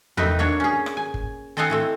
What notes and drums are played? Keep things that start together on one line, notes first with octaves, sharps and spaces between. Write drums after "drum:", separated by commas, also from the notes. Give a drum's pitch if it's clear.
A3 C4 D#4 A#4 B4, drum: tom E2
F#3 A#3 D4 C#5
C#4 G#4
drum: rim click
G#5
drum: kick G1
C4 A4 D#5 F5 F#5 G#5
A2 A3 C4